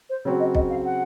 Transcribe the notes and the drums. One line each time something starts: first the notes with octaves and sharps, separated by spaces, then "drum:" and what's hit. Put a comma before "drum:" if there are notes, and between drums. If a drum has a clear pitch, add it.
C5
C#3 F#3 C4 F#4 C#5
D#5
D#5, drum: kick B1
F5
F#5